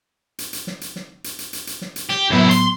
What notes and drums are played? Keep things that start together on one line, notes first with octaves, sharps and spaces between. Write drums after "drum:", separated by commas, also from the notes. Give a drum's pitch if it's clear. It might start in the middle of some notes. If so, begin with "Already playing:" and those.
drum: hi-hat
drum: hi-hat
drum: snare
drum: hi-hat
drum: snare
drum: hi-hat
drum: hi-hat
drum: hi-hat
drum: hi-hat
drum: snare
drum: hi-hat
G4 G5, drum: snare
F#2 A2 F#3 B3 E4
C6, drum: hi-hat